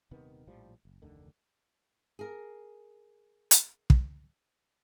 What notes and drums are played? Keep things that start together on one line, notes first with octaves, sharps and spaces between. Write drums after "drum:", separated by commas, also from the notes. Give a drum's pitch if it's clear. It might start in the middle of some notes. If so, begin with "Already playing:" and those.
D#1 C3 D#3 B3
A#1 A2 F3 G3
F#1
F1 D2 D3 D#3
G#4 A#4
drum: hi-hat
drum: kick